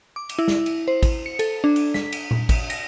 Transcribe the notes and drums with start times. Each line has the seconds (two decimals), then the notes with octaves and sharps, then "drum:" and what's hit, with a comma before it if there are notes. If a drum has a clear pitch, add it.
0.16 D6
0.29 drum: cymbal
0.39 E4
0.48 drum: snare
0.66 drum: cymbal
0.88 C5
1.03 drum: kick, cymbal
1.26 C#7
1.39 A4, drum: cymbal
1.64 D4
1.76 drum: cymbal
1.94 B6, drum: snare
2.12 drum: cymbal
2.31 drum: tom A#2
2.49 drum: kick, cymbal
2.70 A#6, drum: cymbal